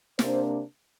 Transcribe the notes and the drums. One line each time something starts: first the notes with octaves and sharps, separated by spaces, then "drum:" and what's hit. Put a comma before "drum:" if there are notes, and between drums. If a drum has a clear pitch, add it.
C3 A#3 D4 C5, drum: snare